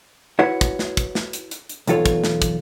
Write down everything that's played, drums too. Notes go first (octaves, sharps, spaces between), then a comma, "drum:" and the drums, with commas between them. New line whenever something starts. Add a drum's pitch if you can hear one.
E4 F#4 B4 C#5 F#5
drum: kick, hi-hat
drum: snare
drum: kick, hi-hat
drum: snare
drum: hi-hat
drum: hi-hat
drum: hi-hat
B1 E2 F4 A4 C#5, drum: hi-hat
drum: kick, hi-hat
drum: snare
drum: kick, hi-hat